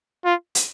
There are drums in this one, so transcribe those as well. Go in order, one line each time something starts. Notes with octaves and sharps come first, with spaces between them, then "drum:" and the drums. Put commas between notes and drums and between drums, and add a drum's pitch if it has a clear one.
F4
drum: hi-hat